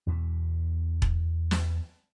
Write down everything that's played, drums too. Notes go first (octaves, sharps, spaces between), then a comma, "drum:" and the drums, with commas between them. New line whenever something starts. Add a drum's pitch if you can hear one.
E2 B2 E3
drum: kick E1
drum: snare